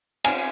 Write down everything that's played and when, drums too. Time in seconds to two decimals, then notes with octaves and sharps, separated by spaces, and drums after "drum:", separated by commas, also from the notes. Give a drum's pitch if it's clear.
0.25 G#5, drum: cymbal